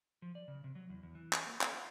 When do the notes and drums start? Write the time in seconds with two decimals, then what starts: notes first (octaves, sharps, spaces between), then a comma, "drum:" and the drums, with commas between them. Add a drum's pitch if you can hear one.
0.22 F3
0.35 D5
0.48 C#3
0.64 C3
0.75 F#3
0.90 E2
1.03 E2
1.15 E3
1.33 F4, drum: clap
1.46 A#3
1.61 A4, drum: clap
1.76 F4